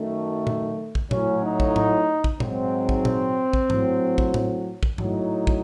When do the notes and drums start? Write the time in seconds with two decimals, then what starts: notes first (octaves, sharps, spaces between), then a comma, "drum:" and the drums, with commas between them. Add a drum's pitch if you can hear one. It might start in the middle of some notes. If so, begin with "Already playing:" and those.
Already playing: F#2 D#3 F#3 A3
0.47 drum: tom A#2
0.95 drum: kick
1.11 A2 F#3 C#4, drum: tom A#2
1.44 D#4
1.60 drum: kick
1.76 drum: tom A2
2.24 drum: kick
2.40 G#2 F#3 C4, drum: tom A#2
2.89 drum: kick
3.05 drum: tom A#2
3.53 drum: kick
3.70 A2 F#3, drum: tom G#2
4.18 drum: kick
4.34 drum: tom A2
4.83 drum: kick
4.98 A2 F#3 D#4, drum: tom G#2
5.47 drum: kick